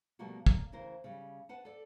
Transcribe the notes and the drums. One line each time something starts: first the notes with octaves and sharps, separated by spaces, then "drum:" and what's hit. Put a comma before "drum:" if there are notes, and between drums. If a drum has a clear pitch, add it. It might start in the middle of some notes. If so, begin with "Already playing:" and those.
B2 F3 G3 A3 A#3 F#4
A#3, drum: kick
D2 C#3 E3 A#4 C5
C#3 G3
B4 F#5 A5
A4 D5